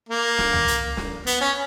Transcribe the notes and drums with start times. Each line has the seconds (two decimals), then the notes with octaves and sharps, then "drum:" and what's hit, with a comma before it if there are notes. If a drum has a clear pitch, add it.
0.09 A#3
0.38 drum: snare
0.53 drum: tom
0.68 drum: hi-hat
0.97 drum: snare
1.27 B3, drum: hi-hat
1.41 C#4